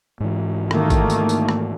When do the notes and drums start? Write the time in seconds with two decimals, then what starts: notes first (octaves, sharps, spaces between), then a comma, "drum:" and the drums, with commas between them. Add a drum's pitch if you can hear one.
0.20 G#2 E3
0.71 D#3 A3 A#3, drum: rim click
0.90 drum: kick, tambourine
1.10 drum: tambourine
1.29 drum: tambourine
1.49 drum: rim click